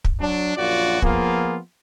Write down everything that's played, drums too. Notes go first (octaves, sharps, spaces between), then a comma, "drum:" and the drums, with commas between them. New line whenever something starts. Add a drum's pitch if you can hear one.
drum: kick
F#3 D4
A#1 F#2 F4 F#4 D5
F3 A#3 B3 F4 G#4, drum: kick